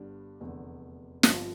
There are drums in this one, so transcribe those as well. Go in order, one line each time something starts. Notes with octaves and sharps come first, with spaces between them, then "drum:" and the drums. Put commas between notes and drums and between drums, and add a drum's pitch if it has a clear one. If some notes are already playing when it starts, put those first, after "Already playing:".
Already playing: G1 G2 D3 G3 D4
F1 E2 D3 A3
G2 D3 F3 C4 F4, drum: snare